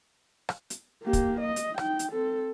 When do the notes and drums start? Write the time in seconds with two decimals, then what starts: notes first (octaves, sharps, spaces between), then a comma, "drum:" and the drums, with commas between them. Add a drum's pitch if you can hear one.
0.49 drum: rim click
0.70 drum: hi-hat
1.03 A#3 G4
1.13 drum: kick, hi-hat
1.41 D#5
1.56 drum: hi-hat
1.78 D#4 G5, drum: rim click
1.99 drum: hi-hat
2.12 C4 A4